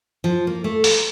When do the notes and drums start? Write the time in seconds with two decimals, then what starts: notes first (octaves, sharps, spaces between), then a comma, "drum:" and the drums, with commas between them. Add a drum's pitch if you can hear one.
0.24 F3
0.47 A#3
0.64 A3
0.84 A#5, drum: open hi-hat